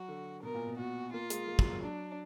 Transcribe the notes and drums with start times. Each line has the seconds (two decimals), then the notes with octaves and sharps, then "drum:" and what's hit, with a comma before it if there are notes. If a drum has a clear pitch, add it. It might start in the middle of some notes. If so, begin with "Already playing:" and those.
Already playing: F#3 F#4
0.08 D3
0.43 B2 A#4
0.55 A#2
0.67 B2
0.78 B2 F#4
1.13 A#3 F4
1.30 G#3, drum: hi-hat
1.48 A#3
1.59 F#3, drum: kick
1.71 F#3
1.83 D4